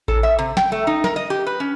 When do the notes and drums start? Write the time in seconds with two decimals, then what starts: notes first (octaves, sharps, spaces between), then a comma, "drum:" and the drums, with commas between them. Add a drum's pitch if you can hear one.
0.08 A4, drum: kick A1
0.23 E5
0.39 C3
0.57 G5, drum: snare
0.72 A3
0.87 D#4
1.04 A#4, drum: snare
1.16 D#5
1.30 G4
1.47 B4
1.60 C#4